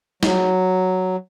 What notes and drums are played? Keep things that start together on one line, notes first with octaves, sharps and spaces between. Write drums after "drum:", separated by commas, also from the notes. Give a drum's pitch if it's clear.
F#3, drum: snare